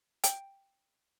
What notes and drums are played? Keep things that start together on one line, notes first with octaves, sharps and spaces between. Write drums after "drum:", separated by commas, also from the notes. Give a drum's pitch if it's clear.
G5, drum: hi-hat